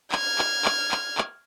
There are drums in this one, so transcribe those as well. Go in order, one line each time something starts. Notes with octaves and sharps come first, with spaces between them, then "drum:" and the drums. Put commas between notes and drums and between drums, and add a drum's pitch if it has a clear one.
F6 G#6, drum: clap
drum: clap
drum: clap
drum: clap
drum: clap